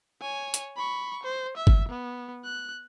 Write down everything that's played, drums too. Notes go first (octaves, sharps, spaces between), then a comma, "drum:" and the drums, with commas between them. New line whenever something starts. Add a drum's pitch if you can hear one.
C#5 G#5
drum: hi-hat
B5 C#6
C5
E5
drum: kick G1
B3
F#6